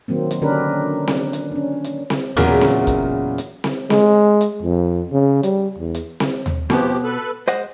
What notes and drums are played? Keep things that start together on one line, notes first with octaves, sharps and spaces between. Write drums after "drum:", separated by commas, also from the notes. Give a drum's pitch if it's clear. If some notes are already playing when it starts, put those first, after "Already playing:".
D#3 F#3 A#3 C4
drum: hi-hat
D3 C#4 D4 G4 A#4 B4
drum: snare C4
drum: hi-hat
C#4 D4
drum: hi-hat
drum: snare C4
E2 A#2 C#3 F#3 A#4 E5, drum: tom D#2
drum: snare C4
drum: kick, hi-hat
drum: hi-hat
drum: snare C4
G#3, drum: snare C4
drum: hi-hat
F2
C#3
G3, drum: hi-hat
E2
drum: hi-hat
drum: snare C4
drum: tom D#2
B2 F3 B3 G4, drum: snare C4
A4 B4 B5
G#3 C5 D#5 F#5, drum: hi-hat